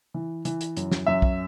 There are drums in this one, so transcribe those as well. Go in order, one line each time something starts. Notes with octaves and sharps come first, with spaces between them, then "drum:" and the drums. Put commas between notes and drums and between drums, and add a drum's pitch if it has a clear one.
E3
E3, drum: hi-hat
drum: hi-hat
F#2, drum: hi-hat
drum: snare
F#2 E5
drum: kick